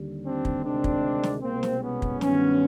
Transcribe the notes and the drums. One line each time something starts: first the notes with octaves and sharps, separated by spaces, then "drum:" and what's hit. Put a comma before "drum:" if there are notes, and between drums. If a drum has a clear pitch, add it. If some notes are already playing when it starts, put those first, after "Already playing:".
Already playing: D#2 D3 G3
C4 D4
drum: kick
D2 C3 D#3 G#3 C4 D4
drum: kick
drum: snare
C2 B2 G#3 A#3 C4
drum: snare
B3 C#4
drum: kick
G2 D#3 F#3 B3 C#4, drum: snare